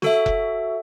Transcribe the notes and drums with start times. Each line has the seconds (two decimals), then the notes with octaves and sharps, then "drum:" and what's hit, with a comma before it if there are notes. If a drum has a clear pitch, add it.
0.02 F#4 A4 E5, drum: snare
0.26 drum: kick F1